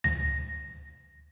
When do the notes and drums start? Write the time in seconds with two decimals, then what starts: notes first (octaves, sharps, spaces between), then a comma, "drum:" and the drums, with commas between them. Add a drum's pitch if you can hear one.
0.04 A#6, drum: tom D2